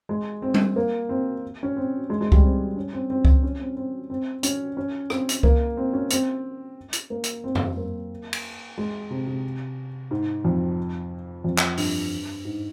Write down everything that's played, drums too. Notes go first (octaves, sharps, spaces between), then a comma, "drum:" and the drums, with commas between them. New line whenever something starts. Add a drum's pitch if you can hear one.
G#3
C4
drum: tom G3
A#3
C4
C#4
C4
G#3
G#3
G3, drum: kick C#2
C4
C#4
C4
C4
drum: kick C#2
C#4
C4
C4
C4
C#4, drum: hi-hat
C#4
C4, drum: rim click
drum: hi-hat
A#3, drum: kick C#2
C4
C#4
C4, drum: hi-hat
drum: hi-hat
A#3
drum: hi-hat
C4
drum: tom F2
A#3
drum: cymbal
G#3
C3
C3
G#2
F2
F2
drum: clap
G2, drum: open hi-hat
G#2